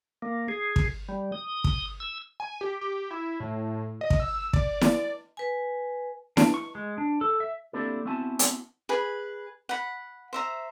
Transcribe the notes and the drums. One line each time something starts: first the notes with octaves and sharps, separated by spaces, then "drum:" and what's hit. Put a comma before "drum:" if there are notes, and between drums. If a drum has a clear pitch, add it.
A#3
G#4
drum: kick
G3
D#6
drum: kick
E6
G#5
G4
G4
E4
A2
D#5
drum: kick
E6
D5, drum: kick
drum: snare E4
B4 G#5
D4, drum: snare E4
C#6
G#3
D4
A4
E5
A#3 C4 D4 E4 G4 A4
B3 C4 E4 F#4 G#5 A5
drum: hi-hat
G#4 B4 B5
F#5 B5
C5 E5 A#5